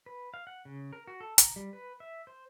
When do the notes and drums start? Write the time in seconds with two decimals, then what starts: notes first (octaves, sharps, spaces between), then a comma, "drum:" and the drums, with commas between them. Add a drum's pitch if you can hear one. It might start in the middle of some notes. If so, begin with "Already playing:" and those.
0.06 B4
0.34 F5
0.47 F#5
0.65 C#3
0.93 A#4
1.07 F#4
1.21 A4
1.38 A#5, drum: hi-hat
1.56 G3
1.73 B4
2.00 E5
2.27 C5